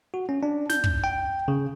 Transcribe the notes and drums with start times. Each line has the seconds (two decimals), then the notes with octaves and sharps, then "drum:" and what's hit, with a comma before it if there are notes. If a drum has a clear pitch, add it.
0.14 F#4
0.29 C#4
0.43 D4
0.70 G6, drum: snare
0.84 drum: kick
1.04 G5
1.48 C#3